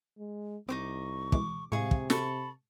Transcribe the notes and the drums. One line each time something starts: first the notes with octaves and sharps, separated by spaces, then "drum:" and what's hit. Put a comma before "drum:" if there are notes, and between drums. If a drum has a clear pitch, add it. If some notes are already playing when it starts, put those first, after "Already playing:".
G#3
C2 C4 D#4 C5 C#6 D6
B2 E3 G#3 D6, drum: kick
A2 C3 G#3 E4 G#4 F5 C#6
drum: kick
A4 B5 C#6, drum: snare